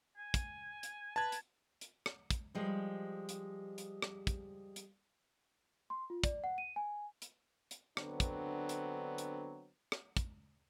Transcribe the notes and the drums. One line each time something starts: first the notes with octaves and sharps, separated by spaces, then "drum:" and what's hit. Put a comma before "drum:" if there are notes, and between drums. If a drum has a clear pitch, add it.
G#5
drum: kick, hi-hat
drum: hi-hat
B4 A5 G#6
drum: hi-hat
drum: hi-hat
drum: rim click
drum: kick, hi-hat
F3 G3 G#3
drum: hi-hat
drum: hi-hat
drum: rim click
drum: kick, hi-hat
drum: hi-hat
C6
F4
D5, drum: kick, hi-hat
F#5
D#7
G#5
drum: hi-hat
drum: hi-hat
D3 F#3 B3 C4 D4, drum: rim click
drum: kick, hi-hat
drum: hi-hat
drum: hi-hat
drum: rim click
drum: kick, hi-hat